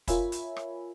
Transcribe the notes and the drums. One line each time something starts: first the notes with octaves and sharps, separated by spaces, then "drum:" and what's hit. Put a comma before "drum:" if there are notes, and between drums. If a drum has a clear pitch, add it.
F4 A#4 C#5 E5 G#5 B5, drum: kick, hi-hat
drum: hi-hat
drum: rim click